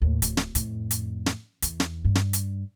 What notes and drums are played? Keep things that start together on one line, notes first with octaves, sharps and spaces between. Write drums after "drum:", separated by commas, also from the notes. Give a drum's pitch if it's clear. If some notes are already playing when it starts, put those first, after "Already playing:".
D#2 A2
D1, drum: hi-hat
drum: snare
F2 A2, drum: hi-hat
drum: hi-hat
drum: snare
E2, drum: hi-hat
drum: snare
G2
drum: snare
drum: hi-hat